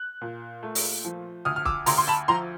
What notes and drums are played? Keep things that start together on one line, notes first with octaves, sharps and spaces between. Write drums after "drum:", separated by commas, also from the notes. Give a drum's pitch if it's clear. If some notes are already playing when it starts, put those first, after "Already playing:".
Already playing: F#6
A#2
A3
drum: open hi-hat
F3
D2 D#6 F6
F6
D6 E6, drum: kick
D2 A#5 C6, drum: open hi-hat
C6
A5 B5
F3 A#5 C6